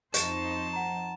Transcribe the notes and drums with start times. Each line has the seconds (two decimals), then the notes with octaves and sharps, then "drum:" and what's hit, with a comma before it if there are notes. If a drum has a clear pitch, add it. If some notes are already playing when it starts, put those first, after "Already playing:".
0.14 F2 D#4 C5 A5 C#6, drum: hi-hat
0.73 F#5 A#5